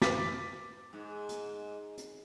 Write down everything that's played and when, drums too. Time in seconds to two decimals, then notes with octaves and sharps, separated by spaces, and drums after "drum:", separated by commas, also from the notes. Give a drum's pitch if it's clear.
0.02 D6 A6 B6, drum: snare
0.93 G#2
1.29 drum: hi-hat
1.98 drum: hi-hat